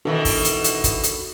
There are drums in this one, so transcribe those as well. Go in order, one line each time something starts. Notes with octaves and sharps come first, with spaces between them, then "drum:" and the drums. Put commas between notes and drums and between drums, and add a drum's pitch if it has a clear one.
B2 D#3 E3 D4 F#4 A4
drum: kick, open hi-hat
drum: hi-hat
drum: hi-hat
drum: kick, hi-hat
drum: hi-hat